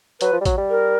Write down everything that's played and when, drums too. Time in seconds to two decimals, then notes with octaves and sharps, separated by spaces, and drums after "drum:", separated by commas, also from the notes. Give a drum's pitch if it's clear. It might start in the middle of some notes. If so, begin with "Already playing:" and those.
0.21 F#3 B4, drum: hi-hat
0.33 F3
0.41 G3
0.45 F#3, drum: kick A1, hi-hat
0.58 G3
0.70 A#4